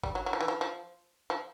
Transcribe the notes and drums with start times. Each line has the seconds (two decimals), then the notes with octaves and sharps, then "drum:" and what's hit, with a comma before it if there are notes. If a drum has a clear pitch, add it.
0.03 G3, drum: kick G1
0.15 F#3
0.26 F#3
0.33 F3
0.41 E3
0.48 F3
0.61 F3
1.30 F3